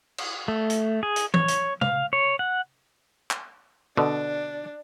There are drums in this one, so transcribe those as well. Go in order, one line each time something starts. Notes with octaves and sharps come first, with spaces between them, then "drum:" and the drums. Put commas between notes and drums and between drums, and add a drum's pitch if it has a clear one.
drum: cymbal
A3
drum: hi-hat
G#4
drum: hi-hat
C#5, drum: tom
drum: hi-hat
F5, drum: tom
C#5
F#5
drum: clap
B2 D3 D4